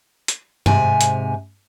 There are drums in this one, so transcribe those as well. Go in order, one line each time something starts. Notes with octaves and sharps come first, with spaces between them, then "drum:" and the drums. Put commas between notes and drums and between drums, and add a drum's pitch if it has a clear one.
drum: hi-hat
G#2 C3 G#5, drum: tom G2
drum: hi-hat